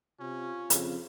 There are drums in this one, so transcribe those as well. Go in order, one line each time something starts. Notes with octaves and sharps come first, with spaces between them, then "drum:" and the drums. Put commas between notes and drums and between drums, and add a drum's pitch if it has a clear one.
C3 C#4 F4
F2 C#3, drum: hi-hat